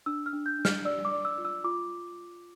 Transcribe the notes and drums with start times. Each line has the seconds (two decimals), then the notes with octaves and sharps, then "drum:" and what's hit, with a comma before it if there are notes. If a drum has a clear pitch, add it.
0.06 D4 E6
0.26 F6
0.33 D4
0.46 G6
0.59 D4
0.65 F6, drum: snare
0.85 D5 E6
1.05 D6
1.11 D5
1.25 E6
1.38 F4
1.45 E6
1.64 F4 D6